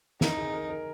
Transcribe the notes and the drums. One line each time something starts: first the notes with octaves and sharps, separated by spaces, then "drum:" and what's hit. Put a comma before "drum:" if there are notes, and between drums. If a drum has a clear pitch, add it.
D#4 A#4, drum: snare
G#4
A#4
A#4